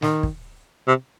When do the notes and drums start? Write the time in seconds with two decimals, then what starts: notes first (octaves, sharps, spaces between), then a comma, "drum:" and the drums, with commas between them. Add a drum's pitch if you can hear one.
0.02 D#3, drum: snare
0.23 drum: kick
0.87 C3